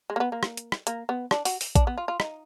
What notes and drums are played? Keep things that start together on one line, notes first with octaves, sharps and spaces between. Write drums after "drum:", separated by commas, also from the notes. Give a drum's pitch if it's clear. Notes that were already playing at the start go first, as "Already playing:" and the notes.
G#3
A#3
B3
A#3
drum: rim click
drum: hi-hat
drum: rim click
A#3, drum: hi-hat
B3
D4, drum: rim click
F#4, drum: open hi-hat
drum: open hi-hat
D4, drum: kick, hi-hat
B3
F4
F4
D#4, drum: rim click